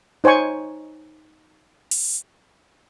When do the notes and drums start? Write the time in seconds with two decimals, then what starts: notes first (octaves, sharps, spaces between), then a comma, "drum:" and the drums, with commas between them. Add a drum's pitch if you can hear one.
0.24 D#4 C5 C#5 G#5 C#6
1.91 drum: open hi-hat